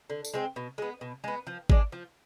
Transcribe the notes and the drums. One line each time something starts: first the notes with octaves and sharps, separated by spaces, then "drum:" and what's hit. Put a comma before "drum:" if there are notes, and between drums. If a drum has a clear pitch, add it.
D3
drum: tambourine
G#3 C4
B2
G#3 B3
B2
G#3 B3
F3
G#3 D4, drum: kick G#1
F3